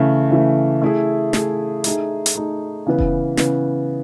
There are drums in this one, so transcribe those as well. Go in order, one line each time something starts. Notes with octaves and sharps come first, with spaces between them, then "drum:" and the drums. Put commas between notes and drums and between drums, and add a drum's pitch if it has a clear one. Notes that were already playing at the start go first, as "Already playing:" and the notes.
Already playing: C#3 E3 A3
C#3 E3 A3
A3 E4 G#4
A3 E4 G#4, drum: snare
A3 D#4 G#4, drum: hi-hat
drum: hi-hat
A3 D#4 G#4
C#3 E3 B3
drum: kick F1
C#3 E3 B3, drum: snare